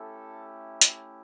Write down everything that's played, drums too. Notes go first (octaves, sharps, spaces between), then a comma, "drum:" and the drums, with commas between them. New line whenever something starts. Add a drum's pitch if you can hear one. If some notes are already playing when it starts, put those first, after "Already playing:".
Already playing: A3 C#4 E4 G4 A4
drum: hi-hat